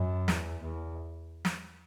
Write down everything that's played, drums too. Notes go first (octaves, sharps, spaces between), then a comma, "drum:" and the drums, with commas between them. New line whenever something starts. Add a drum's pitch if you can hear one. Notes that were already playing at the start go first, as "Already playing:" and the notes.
Already playing: F#2
E2, drum: snare
E2
drum: snare